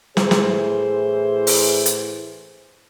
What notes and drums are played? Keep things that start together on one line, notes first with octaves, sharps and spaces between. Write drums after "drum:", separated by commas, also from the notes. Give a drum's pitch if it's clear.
A2 E3 G#4 C5, drum: snare
drum: snare
drum: open hi-hat
drum: hi-hat